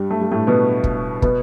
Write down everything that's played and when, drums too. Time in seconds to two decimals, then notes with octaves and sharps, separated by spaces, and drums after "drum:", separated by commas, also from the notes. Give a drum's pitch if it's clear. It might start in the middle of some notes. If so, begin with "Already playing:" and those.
Already playing: G2 G3
0.11 A3
0.21 G3
0.32 A2 A3
0.47 B2 B3
0.84 drum: kick
1.22 B2 B3, drum: kick